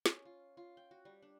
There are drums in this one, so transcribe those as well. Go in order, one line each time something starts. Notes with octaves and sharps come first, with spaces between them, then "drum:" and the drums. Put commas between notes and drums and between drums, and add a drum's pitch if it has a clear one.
C#4, drum: snare
F4
F4
G5
F#4
G3
D4